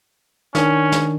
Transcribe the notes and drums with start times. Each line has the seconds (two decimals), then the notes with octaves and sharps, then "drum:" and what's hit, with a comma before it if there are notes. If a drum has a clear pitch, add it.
0.55 D#3 C#4 D4, drum: snare
0.92 drum: snare